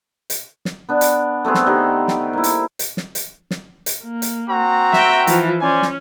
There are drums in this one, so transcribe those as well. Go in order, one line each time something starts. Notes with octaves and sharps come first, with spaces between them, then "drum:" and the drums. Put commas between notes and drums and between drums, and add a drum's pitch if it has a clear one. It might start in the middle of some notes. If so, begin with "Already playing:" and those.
drum: hi-hat
drum: snare
B3 D4
drum: hi-hat
A3 B3 C4 G#4
drum: snare
D#3 G4 D#5
drum: snare
A#3 E4
drum: hi-hat
drum: hi-hat
drum: snare
drum: hi-hat
drum: snare
drum: hi-hat
A#3
drum: hi-hat
C4 F#4 A#5
E5 G5, drum: snare
E3 F3, drum: hi-hat
C#4 C5 D5 G#5
drum: snare